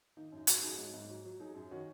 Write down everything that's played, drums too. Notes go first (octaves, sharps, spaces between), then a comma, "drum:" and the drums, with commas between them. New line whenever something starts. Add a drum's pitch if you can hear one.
D#3 A#3 D#4
F#2
D#4
F#2 C#4 F#4, drum: hi-hat
F#3 D#4 G#4
G#2
G#2
F#3
F#3
F#3 D#4 G#4
F#2
D#3 C#4 F#4